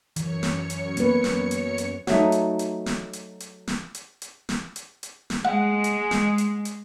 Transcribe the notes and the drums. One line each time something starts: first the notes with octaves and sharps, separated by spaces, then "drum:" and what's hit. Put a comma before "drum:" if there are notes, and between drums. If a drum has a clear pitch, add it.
F#2 E3 C#5 C#7, drum: hi-hat
drum: snare
drum: hi-hat
A#3 B3 B4, drum: hi-hat
drum: snare
drum: hi-hat
drum: hi-hat
F#3 A3 D#4, drum: snare
drum: hi-hat
drum: hi-hat
drum: snare
drum: hi-hat
drum: hi-hat
drum: snare
drum: hi-hat
drum: hi-hat
drum: snare
drum: hi-hat
drum: hi-hat
drum: snare
G#3 F#5
drum: hi-hat
drum: snare
drum: hi-hat
drum: hi-hat